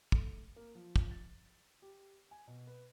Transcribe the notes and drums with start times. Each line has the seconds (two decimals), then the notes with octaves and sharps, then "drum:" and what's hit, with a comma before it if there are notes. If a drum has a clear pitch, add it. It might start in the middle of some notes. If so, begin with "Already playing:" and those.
0.12 A3, drum: kick
0.56 A#3
0.75 F3
0.96 drum: kick
1.11 A6
1.82 G4
2.31 G#5
2.47 B2
2.67 B4